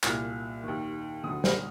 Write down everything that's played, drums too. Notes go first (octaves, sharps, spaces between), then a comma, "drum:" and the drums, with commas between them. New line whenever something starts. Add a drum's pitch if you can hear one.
C2 A#2 F6, drum: clap
D#2 D#3
D2 D3 D#6
F6, drum: snare